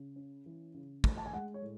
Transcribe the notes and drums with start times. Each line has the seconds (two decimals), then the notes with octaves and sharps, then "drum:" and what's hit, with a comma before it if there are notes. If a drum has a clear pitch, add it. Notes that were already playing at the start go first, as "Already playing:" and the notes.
Already playing: C#3
0.16 C#4
0.46 E3
0.74 C#3
1.04 A3, drum: kick
1.17 A5
1.26 G#5
1.33 G#3 F#5
1.54 C#5
1.62 A2